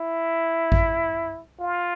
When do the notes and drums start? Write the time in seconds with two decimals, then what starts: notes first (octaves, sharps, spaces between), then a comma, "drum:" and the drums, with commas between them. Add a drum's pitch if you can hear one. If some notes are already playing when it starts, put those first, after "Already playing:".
Already playing: E4
0.72 drum: kick G#1
1.60 F4